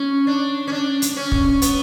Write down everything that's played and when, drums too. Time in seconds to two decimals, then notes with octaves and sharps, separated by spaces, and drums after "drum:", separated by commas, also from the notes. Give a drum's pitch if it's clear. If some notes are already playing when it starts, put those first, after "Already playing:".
Already playing: C#4
0.27 D4
0.68 C#4
0.72 D4
1.02 drum: hi-hat
1.17 C#4
1.32 drum: kick
1.62 B3, drum: hi-hat